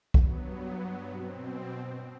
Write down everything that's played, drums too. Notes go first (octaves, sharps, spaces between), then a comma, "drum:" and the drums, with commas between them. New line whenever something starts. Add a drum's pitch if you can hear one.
G2 F#3 B3, drum: kick
B2 C4